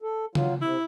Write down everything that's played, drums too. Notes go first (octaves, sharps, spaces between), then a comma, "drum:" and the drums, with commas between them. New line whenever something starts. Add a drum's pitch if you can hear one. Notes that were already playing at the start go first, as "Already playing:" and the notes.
A4
F#3 F4, drum: tom C#3
C3 E4